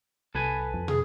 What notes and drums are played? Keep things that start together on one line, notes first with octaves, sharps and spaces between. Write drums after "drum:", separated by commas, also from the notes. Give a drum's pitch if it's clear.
C2 A4 B4 G#5
F2
G#4, drum: tom